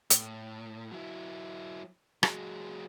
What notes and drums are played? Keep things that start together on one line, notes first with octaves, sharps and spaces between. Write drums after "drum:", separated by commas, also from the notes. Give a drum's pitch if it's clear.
A2, drum: hi-hat
F#3 E4
F#3 G#3, drum: rim click